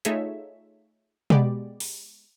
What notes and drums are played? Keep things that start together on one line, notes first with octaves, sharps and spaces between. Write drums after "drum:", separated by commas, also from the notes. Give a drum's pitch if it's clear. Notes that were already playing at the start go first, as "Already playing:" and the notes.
A3 D#4 F4 G#4 C#5 E5, drum: hi-hat
G#3 B3 G4 D5, drum: tom
drum: open hi-hat